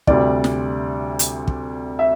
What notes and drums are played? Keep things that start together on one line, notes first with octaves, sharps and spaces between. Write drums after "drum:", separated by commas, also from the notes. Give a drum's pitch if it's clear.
D2 C3 G3 D5, drum: kick
drum: snare
drum: hi-hat
drum: kick
E5